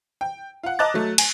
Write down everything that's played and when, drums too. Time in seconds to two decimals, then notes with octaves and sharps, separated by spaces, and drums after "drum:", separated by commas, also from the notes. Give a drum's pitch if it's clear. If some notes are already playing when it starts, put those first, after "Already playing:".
0.21 G5
0.63 F4 F#5
0.79 D#5 A5 A#5 D6 F#6 A6
0.94 F#3 A3
1.18 G#5, drum: cymbal